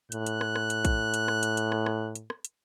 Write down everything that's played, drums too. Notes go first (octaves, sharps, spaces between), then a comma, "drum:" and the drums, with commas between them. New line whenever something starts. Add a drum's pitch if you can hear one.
A2 F#6, drum: hi-hat
drum: hi-hat
drum: rim click
drum: rim click
drum: hi-hat
drum: kick A#1, hi-hat
drum: hi-hat
drum: rim click
drum: hi-hat
drum: hi-hat
drum: rim click
drum: rim click
drum: hi-hat
drum: rim click
drum: hi-hat